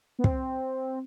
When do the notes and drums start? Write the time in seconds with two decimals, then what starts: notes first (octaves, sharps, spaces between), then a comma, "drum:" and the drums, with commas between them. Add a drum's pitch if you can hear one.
0.19 B3
0.24 C4, drum: kick